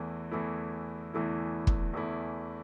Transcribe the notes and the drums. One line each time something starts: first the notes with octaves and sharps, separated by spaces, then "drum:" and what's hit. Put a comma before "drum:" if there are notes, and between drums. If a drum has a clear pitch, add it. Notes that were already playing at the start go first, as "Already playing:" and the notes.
Already playing: E2 E3 A3 E4
E2 E3 A3 E4
E2 E3 A3 E4
drum: kick
E2 E3 A3 E4